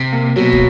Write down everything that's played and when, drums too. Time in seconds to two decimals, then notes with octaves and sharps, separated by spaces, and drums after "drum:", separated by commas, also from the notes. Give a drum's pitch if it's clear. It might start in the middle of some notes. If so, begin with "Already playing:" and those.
Already playing: C3
0.13 A#3
0.36 B2 F#3
0.53 drum: kick